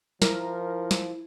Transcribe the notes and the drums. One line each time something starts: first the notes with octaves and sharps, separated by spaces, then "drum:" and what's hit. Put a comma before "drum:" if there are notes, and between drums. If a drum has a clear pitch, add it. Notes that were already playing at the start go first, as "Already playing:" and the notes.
F3 E4 A#4, drum: snare
drum: snare